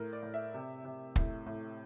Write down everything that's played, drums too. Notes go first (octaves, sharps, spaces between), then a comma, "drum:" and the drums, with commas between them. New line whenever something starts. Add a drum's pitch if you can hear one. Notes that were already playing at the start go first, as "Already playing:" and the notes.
Already playing: A2 A#4
D5
A2
E5
C3
C3
A2, drum: kick
A2